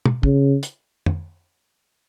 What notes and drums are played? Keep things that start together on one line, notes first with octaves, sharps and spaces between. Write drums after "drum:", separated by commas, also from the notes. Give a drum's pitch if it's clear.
drum: tom
C#3, drum: kick
drum: hi-hat
drum: tom